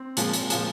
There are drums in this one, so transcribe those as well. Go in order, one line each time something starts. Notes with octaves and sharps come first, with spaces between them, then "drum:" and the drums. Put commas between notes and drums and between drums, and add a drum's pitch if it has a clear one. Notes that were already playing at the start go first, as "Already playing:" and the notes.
Already playing: C4
A#2 F3 G#3, drum: hi-hat
drum: hi-hat
A#2 F3 G#3, drum: hi-hat